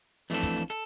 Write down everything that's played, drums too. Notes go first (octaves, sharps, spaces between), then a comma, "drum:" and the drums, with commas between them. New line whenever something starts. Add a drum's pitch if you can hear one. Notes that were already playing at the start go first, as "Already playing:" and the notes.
F2 E3 A3 D4 A4, drum: hi-hat
drum: kick, hi-hat
drum: hi-hat
A4, drum: hi-hat